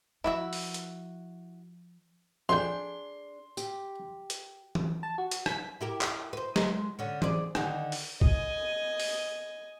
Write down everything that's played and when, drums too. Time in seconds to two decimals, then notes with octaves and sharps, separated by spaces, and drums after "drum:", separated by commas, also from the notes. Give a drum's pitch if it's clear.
0.24 F3 E4 F#4 E5
0.53 drum: open hi-hat
0.74 drum: hi-hat
2.49 F2 D4 G#4 G5 C6
3.57 G4, drum: tambourine
4.30 drum: hi-hat
4.75 drum: tom E3
5.03 A5
5.18 F#4
5.31 drum: hi-hat
5.46 B6, drum: rim click
5.81 E4 G4 A#4
6.01 drum: clap
6.33 B4 C5
6.56 G#3, drum: snare
6.99 D3 C#4
7.22 G#4 C5 D5, drum: tom E3
7.55 D3 D#3 D#4, drum: rim click
7.92 drum: open hi-hat
8.21 D#5 G#5, drum: kick
9.00 drum: open hi-hat